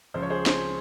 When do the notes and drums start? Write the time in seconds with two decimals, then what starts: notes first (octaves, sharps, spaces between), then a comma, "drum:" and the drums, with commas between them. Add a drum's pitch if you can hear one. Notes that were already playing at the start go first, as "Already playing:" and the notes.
0.14 C#2 C#3 F3 C5
0.22 C#5
0.30 G#4 C5
0.46 G#4 C5, drum: snare